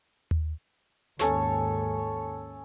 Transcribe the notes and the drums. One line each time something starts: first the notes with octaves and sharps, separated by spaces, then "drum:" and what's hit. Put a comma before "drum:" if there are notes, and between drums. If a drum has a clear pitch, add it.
drum: tom D#2
D#2 G#2 C#4 A4 C#5, drum: snare